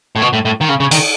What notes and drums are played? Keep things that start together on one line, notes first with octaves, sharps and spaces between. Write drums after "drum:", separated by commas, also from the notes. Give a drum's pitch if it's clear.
A2
B2
A2
A2
D#3
C#3
C#3
D#3, drum: cymbal